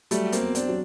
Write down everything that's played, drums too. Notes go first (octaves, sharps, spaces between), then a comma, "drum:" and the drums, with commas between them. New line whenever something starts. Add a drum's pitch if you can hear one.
F#3 G3 A3, drum: hi-hat
A#3 C4, drum: hi-hat
E2
C4 D4, drum: hi-hat
F#3